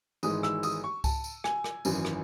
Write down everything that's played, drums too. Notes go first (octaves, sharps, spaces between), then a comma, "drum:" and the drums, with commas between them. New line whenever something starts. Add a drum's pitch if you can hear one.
G#1 G#2 E3 G#3 D#6, drum: tambourine
E6, drum: rim click
D#6, drum: tambourine
C#6
A5, drum: kick C2, tambourine
drum: tambourine
G#5, drum: rim click
drum: rim click
G#1 F#2 E3, drum: tambourine
drum: rim click